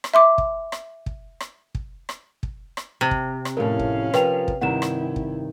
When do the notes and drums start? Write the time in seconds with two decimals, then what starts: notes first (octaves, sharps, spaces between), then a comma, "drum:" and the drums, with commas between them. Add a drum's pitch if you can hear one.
0.04 drum: rim click
0.14 E5 C6 D6
0.38 drum: kick
0.72 drum: rim click
1.06 drum: kick
1.40 drum: rim click
1.75 drum: kick
2.09 drum: rim click
2.43 drum: kick
2.77 drum: rim click
3.01 C3
3.11 drum: kick
3.45 drum: rim click
3.57 F2 A2 C#4 A#4 F5
3.79 drum: kick
4.14 F3 A#4 B4 G5 F7, drum: rim click
4.48 drum: kick
4.61 G2 C3 D#3 E4 F#5 E7
4.82 drum: rim click
5.16 drum: kick